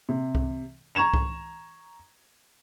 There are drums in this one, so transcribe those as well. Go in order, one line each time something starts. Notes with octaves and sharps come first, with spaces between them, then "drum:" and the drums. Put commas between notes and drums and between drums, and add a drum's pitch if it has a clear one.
C3
drum: kick C2
A#5 C#6 G#6 E7 F7
drum: kick C2